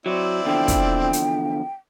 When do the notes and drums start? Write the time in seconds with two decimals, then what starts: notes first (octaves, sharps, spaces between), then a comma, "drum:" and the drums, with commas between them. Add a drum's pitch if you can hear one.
0.06 F#3 C4 E4 D5
0.45 E2 D3 F3 G5
0.68 drum: kick, hi-hat
1.13 drum: hi-hat